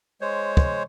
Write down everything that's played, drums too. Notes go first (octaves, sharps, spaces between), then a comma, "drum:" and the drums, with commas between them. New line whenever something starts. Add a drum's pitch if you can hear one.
G#3 C5 C#5
drum: kick